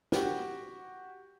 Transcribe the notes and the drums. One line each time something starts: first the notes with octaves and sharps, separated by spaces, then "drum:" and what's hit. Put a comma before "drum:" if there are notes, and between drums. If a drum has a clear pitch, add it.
F#4 G4, drum: snare